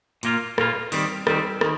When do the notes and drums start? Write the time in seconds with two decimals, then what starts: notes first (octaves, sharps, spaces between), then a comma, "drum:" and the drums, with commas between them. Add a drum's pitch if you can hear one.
0.23 A#2 A#3 F4, drum: hi-hat
0.58 A#2 A#3 F4, drum: rim click
0.92 D#3 G3 C4, drum: open hi-hat
1.27 D#3 G3 C4, drum: rim click
1.61 D#3, drum: rim click